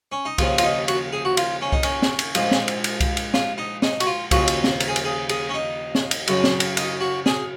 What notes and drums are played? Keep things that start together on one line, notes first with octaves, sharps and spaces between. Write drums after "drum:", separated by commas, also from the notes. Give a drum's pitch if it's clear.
C#4
D#4
D#2 C#3 F3 F4, drum: kick C2, cymbal
F4, drum: cymbal
D#4
F#4, drum: cymbal
G#4
F#4
F4, drum: cymbal
C#4
D#4, drum: kick C2
C#4, drum: cymbal
drum: snare
drum: cymbal
A#1 G#2 F3, drum: cymbal
drum: snare
drum: cymbal
drum: cymbal
drum: kick C2, cymbal
drum: cymbal
F4, drum: snare
D#4
D#4, drum: snare
F#4, drum: cymbal
F4
D#2 C#3 F3 F#4, drum: kick C2, cymbal
drum: cymbal
drum: snare
A#4, drum: cymbal
G#4
A#4, drum: cymbal
G#4
G#4, drum: cymbal
C#4
D#4
drum: snare
drum: cymbal
F#2 C#3 F#3, drum: cymbal
drum: snare
drum: cymbal
D#4, drum: cymbal
F#4
G#4, drum: snare